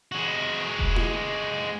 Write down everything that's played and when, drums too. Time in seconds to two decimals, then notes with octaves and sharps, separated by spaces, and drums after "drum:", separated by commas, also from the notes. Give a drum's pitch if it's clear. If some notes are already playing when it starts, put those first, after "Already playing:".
0.12 G#3 F#4
0.79 drum: kick E1
0.96 drum: tom E4